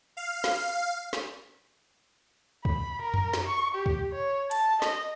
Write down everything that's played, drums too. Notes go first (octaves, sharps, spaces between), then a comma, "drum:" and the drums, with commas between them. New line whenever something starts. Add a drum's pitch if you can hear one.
F5
drum: snare
drum: snare
B5, drum: kick
A#4
drum: tom F2
drum: snare
C#6
G4
drum: kick
C#5
A5, drum: hi-hat
D#5, drum: snare